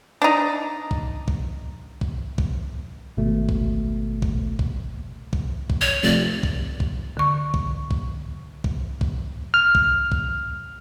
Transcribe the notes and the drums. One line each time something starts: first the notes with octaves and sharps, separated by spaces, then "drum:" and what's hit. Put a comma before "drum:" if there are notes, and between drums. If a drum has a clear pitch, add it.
D4 D#4
drum: kick
drum: kick
drum: kick
drum: kick
G#1 B2 A3
drum: kick
drum: kick
drum: kick
drum: kick
drum: kick
C#5
F1 D5
drum: kick
drum: kick
D3 C#6
drum: kick
drum: kick
drum: kick
drum: kick
F6
drum: kick
drum: kick